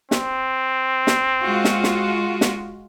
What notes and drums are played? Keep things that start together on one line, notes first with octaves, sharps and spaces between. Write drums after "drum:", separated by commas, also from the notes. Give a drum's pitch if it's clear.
C4, drum: snare
drum: snare
G#3 F4 F#4
drum: snare
drum: snare
drum: snare